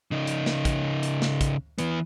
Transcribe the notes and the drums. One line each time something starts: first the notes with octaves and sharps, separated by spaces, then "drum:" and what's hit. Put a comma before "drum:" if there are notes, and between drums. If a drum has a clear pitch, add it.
C#3 D#4
drum: hi-hat
drum: snare
drum: kick, hi-hat
drum: hi-hat
drum: snare
drum: kick, hi-hat
E3 B3, drum: hi-hat